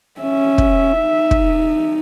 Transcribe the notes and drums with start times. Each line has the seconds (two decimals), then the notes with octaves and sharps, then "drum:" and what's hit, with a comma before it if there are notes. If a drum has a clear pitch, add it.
0.21 C#4 E5
0.58 drum: kick
1.00 D#4
1.31 drum: kick